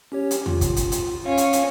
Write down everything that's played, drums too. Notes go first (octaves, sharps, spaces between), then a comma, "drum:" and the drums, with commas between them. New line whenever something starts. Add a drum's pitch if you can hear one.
C#4 G4 C#5
drum: hi-hat
F4, drum: tom E2
drum: kick, hi-hat
drum: hi-hat
drum: hi-hat
C#4 F5
drum: hi-hat
drum: hi-hat